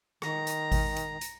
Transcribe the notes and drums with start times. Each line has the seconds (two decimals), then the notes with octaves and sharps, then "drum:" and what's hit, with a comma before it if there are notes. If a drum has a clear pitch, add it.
0.22 D#3 A#5, drum: rim click
0.47 drum: hi-hat
0.72 drum: kick G#1, open hi-hat
0.96 drum: hi-hat
1.21 drum: hi-hat